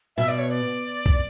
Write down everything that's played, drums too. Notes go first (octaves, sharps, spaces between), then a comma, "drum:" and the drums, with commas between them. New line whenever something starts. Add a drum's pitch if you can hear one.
B2 E5
D5
C#5
D5
drum: kick C2